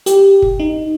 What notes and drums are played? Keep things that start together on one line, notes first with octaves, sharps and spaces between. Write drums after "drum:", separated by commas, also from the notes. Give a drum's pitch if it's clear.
G4, drum: hi-hat
drum: kick
D#4